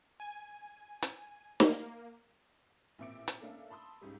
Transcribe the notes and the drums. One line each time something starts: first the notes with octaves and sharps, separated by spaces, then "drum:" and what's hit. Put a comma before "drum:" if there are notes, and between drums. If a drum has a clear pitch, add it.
G#5
drum: hi-hat
A#3, drum: snare
A1 A#2 C4 E5 D6 D7
drum: hi-hat
A3 A#3 C#4 D4 E5 F5
A5 B5 C6 D#6 E6
C#2 G#2 G3